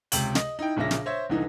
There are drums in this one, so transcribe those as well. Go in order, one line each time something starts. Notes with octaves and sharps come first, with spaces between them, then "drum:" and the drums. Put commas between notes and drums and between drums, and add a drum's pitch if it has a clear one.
C#2 C3 G5 F#7, drum: hi-hat
D#5, drum: snare
D#4 E4 G5
A#1 A#2 C#3 E5 A#6
drum: snare
C5 C#5 E5
C2 D3 E3 D#4